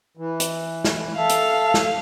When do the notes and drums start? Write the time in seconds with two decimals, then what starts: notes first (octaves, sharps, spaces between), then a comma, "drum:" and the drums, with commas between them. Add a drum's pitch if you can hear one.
0.17 E3
0.40 drum: hi-hat
0.85 drum: snare
1.17 A4 E5 F5
1.29 drum: hi-hat
1.74 drum: snare